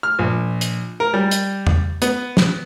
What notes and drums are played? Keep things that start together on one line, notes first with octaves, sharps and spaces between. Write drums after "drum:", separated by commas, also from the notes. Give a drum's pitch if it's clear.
F6
A#1
drum: hi-hat
A#4
G3
drum: hi-hat
drum: tom E2
B3, drum: hi-hat
drum: snare